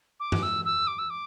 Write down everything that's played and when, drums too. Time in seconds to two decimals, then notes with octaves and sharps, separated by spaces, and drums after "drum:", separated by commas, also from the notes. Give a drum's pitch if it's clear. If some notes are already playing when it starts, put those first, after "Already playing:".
0.20 D6
0.32 drum: tom G2
0.43 E6
0.65 E6
0.87 D6
0.99 E6
1.10 D6